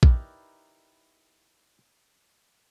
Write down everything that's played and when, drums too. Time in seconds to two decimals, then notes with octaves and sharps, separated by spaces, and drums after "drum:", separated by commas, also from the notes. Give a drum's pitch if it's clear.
0.03 D#4 E4 G4 A#4 B4 D5, drum: kick A#1